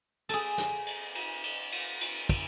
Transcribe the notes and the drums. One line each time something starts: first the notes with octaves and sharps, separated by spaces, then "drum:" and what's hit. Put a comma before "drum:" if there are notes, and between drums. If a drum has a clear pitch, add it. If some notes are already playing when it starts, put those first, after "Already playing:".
G#4 A4, drum: cymbal
drum: snare
drum: cymbal
drum: cymbal
drum: cymbal
drum: cymbal
drum: cymbal
drum: kick, cymbal